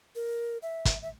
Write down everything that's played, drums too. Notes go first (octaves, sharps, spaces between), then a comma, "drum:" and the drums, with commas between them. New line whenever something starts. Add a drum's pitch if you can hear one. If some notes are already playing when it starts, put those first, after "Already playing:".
A#4
E5
drum: kick, hi-hat
E5